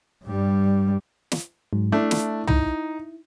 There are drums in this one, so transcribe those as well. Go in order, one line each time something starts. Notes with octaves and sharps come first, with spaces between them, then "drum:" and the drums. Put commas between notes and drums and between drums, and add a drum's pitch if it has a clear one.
G2 G3
drum: snare
G#2 F#3
A3 D4 E4
drum: snare
D#4, drum: tom